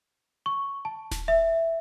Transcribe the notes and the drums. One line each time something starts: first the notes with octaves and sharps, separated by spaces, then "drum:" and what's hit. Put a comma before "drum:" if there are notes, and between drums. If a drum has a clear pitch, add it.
C#6
A5
drum: snare D#1
E5